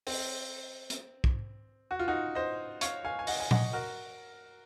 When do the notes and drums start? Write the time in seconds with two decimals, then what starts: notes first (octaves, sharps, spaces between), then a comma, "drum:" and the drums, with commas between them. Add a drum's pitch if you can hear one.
0.07 C4, drum: open hi-hat
0.90 drum: hi-hat
1.24 drum: kick
1.91 F#4
1.99 F4
2.08 D#4 F#4
2.35 C5 D#5
2.81 C#5 F5, drum: hi-hat
3.05 F5 G#5
3.19 G#5
3.27 D#5 F#5, drum: open hi-hat
3.40 G#5
3.51 D#5 F#5, drum: tom A#2
3.73 F#4 A#4